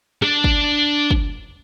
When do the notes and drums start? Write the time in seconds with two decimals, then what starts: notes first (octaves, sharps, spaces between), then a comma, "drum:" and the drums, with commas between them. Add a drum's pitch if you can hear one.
0.22 D4 D5, drum: rim click
0.44 drum: kick
1.11 drum: kick